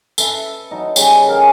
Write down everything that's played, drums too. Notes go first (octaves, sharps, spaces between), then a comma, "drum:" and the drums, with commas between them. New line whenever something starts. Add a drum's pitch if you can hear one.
A4 B4 E5, drum: tambourine
F#3 D#4
C#3 G3 C#4, drum: tambourine
A#4 F5 G#5